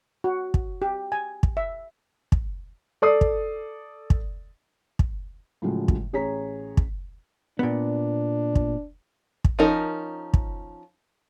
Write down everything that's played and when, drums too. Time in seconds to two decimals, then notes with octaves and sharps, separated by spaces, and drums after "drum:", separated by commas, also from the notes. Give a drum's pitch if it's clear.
0.24 F#4
0.54 drum: kick
0.82 G4
1.12 G#5
1.43 drum: kick
1.57 E5
2.32 drum: kick
3.02 A4 D5 D#6 C7
3.21 drum: kick
4.10 drum: kick
4.99 drum: kick
5.62 A2 C#3 F3 F#3 G#3
5.88 drum: kick
6.13 A1 G#4 C#5 A#5 B6
6.77 drum: kick
7.59 A#2 B3 D4
8.55 drum: kick
9.44 drum: kick
9.59 F3 C#4 D#4 A#4
10.34 drum: kick